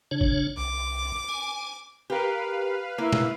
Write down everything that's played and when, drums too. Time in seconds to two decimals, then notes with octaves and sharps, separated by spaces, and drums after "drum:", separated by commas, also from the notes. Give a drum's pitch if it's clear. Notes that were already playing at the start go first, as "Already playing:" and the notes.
0.11 C#3 D4 C#5
0.21 drum: kick G1
0.57 C2 D6
1.28 G#5
2.10 G4 A#4 B4 F5
2.98 A#3 E4
3.13 drum: snare